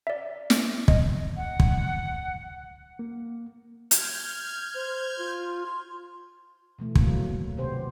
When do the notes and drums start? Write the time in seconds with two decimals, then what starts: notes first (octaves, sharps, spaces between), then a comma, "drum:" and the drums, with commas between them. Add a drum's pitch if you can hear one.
0.07 D5 E5
0.50 drum: snare
0.88 D#5, drum: kick
1.37 F#5
1.60 drum: kick
2.99 A#3
3.91 F6 G6 G#6, drum: hi-hat
4.75 C5
5.19 F4
5.66 C6
6.79 B2 E3 A3
6.95 F#3 A3 A#3, drum: kick
7.57 C3 D#3 B3 G4 C5